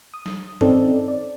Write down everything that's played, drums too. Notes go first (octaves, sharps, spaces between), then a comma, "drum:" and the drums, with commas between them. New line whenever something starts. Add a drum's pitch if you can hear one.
D#6
drum: snare
C4 C#4 D#4 A4 D5, drum: tom G2
D5